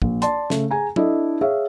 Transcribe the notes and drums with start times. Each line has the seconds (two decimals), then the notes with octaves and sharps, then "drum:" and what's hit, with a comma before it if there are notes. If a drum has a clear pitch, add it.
0.02 A#1, drum: kick
0.22 D5 A5 C6, drum: hi-hat
0.50 C#3 A3, drum: snare
0.71 G#4 G#5 A#5
0.96 D4 E4 A4 D#5, drum: tom
1.41 G#4 C#5 E5 F5